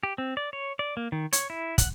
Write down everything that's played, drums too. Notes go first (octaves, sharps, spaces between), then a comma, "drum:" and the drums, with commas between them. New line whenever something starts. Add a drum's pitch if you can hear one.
G4
C4
D5
C#5
D5
A#3
D#3
C#5, drum: hi-hat
E4
F#5, drum: kick, hi-hat